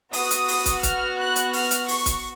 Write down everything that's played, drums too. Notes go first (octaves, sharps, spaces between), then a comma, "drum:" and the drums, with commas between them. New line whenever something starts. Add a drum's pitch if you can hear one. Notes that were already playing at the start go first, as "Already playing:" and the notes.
B3 F#4 D#6, drum: open hi-hat
drum: hi-hat
drum: open hi-hat
drum: kick, hi-hat
F6, drum: kick, hi-hat
F#6
drum: hi-hat
F6, drum: open hi-hat
drum: hi-hat
C#6, drum: open hi-hat
drum: kick, hi-hat